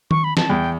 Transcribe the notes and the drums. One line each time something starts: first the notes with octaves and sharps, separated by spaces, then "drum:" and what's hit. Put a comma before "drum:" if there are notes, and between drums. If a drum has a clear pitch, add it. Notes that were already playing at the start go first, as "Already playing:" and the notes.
C#6, drum: tom D#3
B5
A5, drum: snare
E2 G5